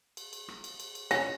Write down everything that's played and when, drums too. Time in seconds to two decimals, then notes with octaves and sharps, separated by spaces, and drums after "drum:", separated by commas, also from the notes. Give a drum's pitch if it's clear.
0.17 drum: cymbal
0.33 drum: cymbal
0.48 drum: rim click
0.64 drum: cymbal
0.80 drum: cymbal
0.95 drum: cymbal
1.11 C#4 A#6, drum: cymbal